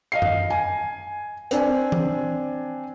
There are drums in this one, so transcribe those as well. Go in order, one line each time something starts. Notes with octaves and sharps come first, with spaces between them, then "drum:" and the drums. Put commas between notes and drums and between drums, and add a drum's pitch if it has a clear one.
D#5 F5 C7
drum: tom F#2
G#5
C4 D4 G#5, drum: hi-hat
drum: tom E3